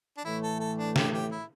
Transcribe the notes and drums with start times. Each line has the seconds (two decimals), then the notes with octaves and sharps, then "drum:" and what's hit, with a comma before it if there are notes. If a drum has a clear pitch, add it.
0.17 D4
0.25 A2 E3 A3 E4
0.42 A4
0.60 A4
0.78 D4
0.96 G4, drum: snare
1.13 G4
1.31 E4